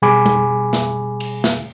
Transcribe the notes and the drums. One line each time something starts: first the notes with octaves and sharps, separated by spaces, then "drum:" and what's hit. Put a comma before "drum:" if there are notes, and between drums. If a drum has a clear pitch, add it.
B2 G3 G#4 G#5 B5 D6
drum: tom G3
drum: snare
drum: cymbal
drum: snare